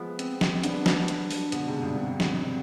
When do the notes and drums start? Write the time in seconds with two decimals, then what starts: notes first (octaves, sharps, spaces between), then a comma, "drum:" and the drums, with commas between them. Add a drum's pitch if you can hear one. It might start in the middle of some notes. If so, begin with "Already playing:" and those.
Already playing: F3 G#3 B3
0.19 C4, drum: hi-hat
0.41 drum: snare
0.64 G3 B3 D4, drum: hi-hat
0.86 drum: snare
1.08 drum: hi-hat
1.31 drum: open hi-hat
1.52 B2 D3, drum: hi-hat
1.67 G#2 C3
1.82 G2 B2
1.97 G#2 C4
2.20 drum: snare
2.42 C4